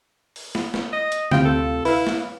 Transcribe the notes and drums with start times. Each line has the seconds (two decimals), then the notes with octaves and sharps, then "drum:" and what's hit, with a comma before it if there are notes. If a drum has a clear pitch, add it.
0.36 drum: open hi-hat
0.55 drum: snare
0.74 drum: snare
0.93 D#5
1.12 drum: hi-hat
1.31 D2 C3 F4 G5, drum: snare
1.45 A4
1.85 E4 B4 F5, drum: open hi-hat
2.07 drum: snare